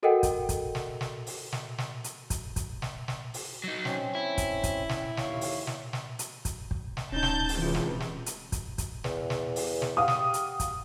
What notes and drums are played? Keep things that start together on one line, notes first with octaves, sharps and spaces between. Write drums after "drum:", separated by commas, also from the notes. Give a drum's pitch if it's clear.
F#4 A4 A#4 D#5 F#5 G5
drum: kick, hi-hat
drum: kick, hi-hat
drum: snare
drum: snare
drum: open hi-hat
drum: snare
drum: snare
drum: hi-hat
drum: kick, hi-hat
drum: kick, hi-hat
drum: snare
drum: snare
drum: open hi-hat
F#3 D#4
C4 C#4, drum: snare
E4
drum: kick, hi-hat
drum: kick, hi-hat
drum: snare
D#2 C#5 F5, drum: snare
drum: open hi-hat
drum: snare
drum: snare
drum: hi-hat
drum: kick, hi-hat
drum: kick
drum: snare
D1 C#4 D#4 A5 G6
drum: snare
drum: open hi-hat
C#2 C3 E3 F4
drum: snare
drum: snare
drum: hi-hat
drum: kick, hi-hat
drum: kick, hi-hat
E2, drum: snare
drum: snare
drum: open hi-hat
drum: snare
G4 F5 F#5 D#6
drum: snare
drum: hi-hat
drum: kick, hi-hat